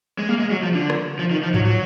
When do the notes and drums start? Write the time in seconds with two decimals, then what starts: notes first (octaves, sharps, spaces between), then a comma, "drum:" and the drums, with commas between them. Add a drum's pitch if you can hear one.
0.18 G#3
0.29 A#3
0.39 G#3
0.51 F#3
0.63 F3
0.74 D3
0.90 drum: rim click
1.19 F3
1.31 D#3
1.43 F3
1.54 F#3, drum: tom G#2
1.65 F#3